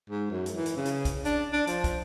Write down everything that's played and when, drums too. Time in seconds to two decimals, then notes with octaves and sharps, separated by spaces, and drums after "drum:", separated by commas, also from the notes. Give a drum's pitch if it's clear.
0.10 G#2
0.31 F#2
0.46 drum: hi-hat
0.56 E3
0.66 drum: hi-hat
0.76 C#3
0.85 drum: hi-hat
1.05 drum: kick, hi-hat
1.25 D4, drum: hi-hat
1.53 D4
1.67 F3, drum: hi-hat
1.84 drum: kick, hi-hat